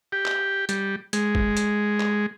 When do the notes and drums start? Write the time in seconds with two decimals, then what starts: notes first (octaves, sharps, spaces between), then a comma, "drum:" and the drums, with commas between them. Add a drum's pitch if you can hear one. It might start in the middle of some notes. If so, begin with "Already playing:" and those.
0.12 G4
0.26 drum: clap
0.69 G3, drum: hi-hat
1.13 G#3, drum: hi-hat
1.35 drum: kick G#1
1.57 drum: hi-hat
2.00 drum: clap